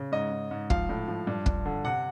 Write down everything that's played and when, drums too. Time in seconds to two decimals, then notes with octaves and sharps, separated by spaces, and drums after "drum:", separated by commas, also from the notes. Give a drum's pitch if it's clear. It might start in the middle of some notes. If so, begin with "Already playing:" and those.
Already playing: C#3
0.12 G#2 D#5
0.31 G#2
0.51 G#2
0.70 F3 F5, drum: kick
0.89 A2
1.08 F3
1.27 G2
1.46 G2, drum: kick
1.65 D3
1.85 C3 F#5